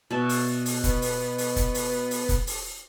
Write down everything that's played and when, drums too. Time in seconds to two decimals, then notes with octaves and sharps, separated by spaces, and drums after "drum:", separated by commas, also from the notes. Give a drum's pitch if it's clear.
0.11 B2 D5 E5
0.29 drum: open hi-hat
0.66 drum: open hi-hat
0.84 B3, drum: kick F1, hi-hat
1.02 drum: open hi-hat
1.38 drum: open hi-hat
1.56 drum: kick F1, hi-hat
1.74 drum: open hi-hat
2.11 drum: open hi-hat
2.29 drum: kick F1, hi-hat
2.47 drum: open hi-hat